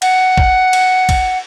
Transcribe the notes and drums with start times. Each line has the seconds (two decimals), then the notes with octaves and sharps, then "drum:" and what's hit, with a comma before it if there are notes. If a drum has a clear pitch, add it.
0.02 F#5, drum: cymbal
0.37 drum: kick
0.73 drum: cymbal
1.09 drum: kick, cymbal